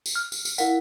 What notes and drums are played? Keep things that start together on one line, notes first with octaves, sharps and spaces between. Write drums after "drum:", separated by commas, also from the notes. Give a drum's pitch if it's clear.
drum: tambourine
F6
drum: tambourine
drum: tambourine
E4 A#4 F5 F#5, drum: tambourine